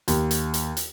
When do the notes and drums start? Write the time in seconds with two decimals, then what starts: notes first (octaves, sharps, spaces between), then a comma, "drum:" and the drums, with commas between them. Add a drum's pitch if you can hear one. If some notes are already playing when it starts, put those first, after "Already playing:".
0.08 D#2, drum: hi-hat
0.31 drum: hi-hat
0.54 drum: hi-hat
0.77 drum: hi-hat